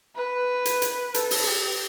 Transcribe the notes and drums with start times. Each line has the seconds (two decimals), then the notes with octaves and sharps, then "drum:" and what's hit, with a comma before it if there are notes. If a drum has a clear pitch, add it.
0.16 B4
0.65 drum: hi-hat
0.82 drum: hi-hat
1.14 A4, drum: hi-hat
1.31 drum: open hi-hat
1.47 G4